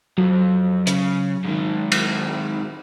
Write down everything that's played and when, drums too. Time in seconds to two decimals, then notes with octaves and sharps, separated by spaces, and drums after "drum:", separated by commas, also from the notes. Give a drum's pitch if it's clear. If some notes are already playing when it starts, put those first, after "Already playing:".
0.18 F2 F#3
0.87 C#3, drum: hi-hat
1.44 G#2 D#3
1.92 drum: cymbal